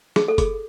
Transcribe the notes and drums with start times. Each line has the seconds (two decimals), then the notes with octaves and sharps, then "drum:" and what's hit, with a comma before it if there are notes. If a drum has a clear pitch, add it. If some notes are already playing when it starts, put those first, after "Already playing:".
0.16 G#4, drum: snare
0.28 A4
0.38 G#4, drum: kick, hi-hat